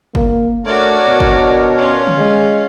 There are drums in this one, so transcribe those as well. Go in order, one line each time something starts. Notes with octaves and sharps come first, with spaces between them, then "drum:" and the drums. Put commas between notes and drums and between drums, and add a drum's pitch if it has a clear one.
A#3, drum: kick
A3 D4 F#4 A#4 C#5 D5
B2
drum: kick
C#4 F4
drum: tom D3
G#3